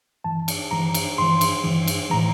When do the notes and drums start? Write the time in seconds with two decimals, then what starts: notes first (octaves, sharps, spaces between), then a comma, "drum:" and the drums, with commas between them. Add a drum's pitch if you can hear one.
0.24 G2 E3 A5
0.48 drum: cymbal
0.71 G2 E3 A#5
0.94 drum: cymbal
1.18 G2 E3 C6
1.41 drum: cymbal
1.64 G2 E3
1.87 drum: cymbal
2.10 A2 E3 A#5